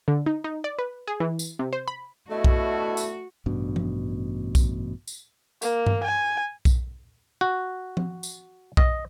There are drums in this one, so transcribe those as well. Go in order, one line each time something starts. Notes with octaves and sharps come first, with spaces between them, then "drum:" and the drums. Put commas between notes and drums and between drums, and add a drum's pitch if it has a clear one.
D3
D#4
D#4
D5
B4
G#4
E3
drum: tambourine
C3
C5
B5
B2 A3 D4 E4 F#4 D#5
drum: kick B1
drum: tambourine
A1 G2 B2 D4
drum: tom F3
drum: kick B1, tambourine
drum: tambourine
A#3, drum: tambourine
drum: tom G2
G#5
drum: kick B1, tambourine
F#4
drum: tom F3
drum: tambourine
D#5, drum: kick B1